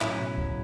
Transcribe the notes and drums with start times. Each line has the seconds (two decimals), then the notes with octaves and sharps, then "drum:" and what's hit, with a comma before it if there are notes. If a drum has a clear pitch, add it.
0.01 A2 F#3 C#4 E4, drum: clap
0.20 B2
0.38 C#3, drum: kick